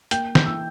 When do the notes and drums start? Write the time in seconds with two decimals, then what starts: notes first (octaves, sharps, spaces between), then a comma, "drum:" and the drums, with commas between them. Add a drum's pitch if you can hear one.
0.11 A#3 G5 G6, drum: hi-hat
0.35 E3 G6, drum: snare
0.46 E6